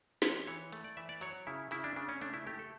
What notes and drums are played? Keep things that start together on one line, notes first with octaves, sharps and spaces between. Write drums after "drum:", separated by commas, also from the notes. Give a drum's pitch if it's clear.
E3 C#5, drum: snare
E3 C#5
A3, drum: hi-hat
D5
E3 E5
D5
F#3 C#5, drum: hi-hat
C#3 E4
C#3 E4, drum: hi-hat
D4
C#3 D4
C#4
A3 D4, drum: hi-hat
E4
A3 G4
A4